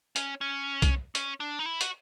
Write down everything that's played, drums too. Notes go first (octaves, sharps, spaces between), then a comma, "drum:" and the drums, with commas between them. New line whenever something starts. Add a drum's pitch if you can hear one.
C#4, drum: hi-hat
C#4
drum: kick C2, hi-hat
C#4, drum: hi-hat
D4
D#4
E4
F#4, drum: hi-hat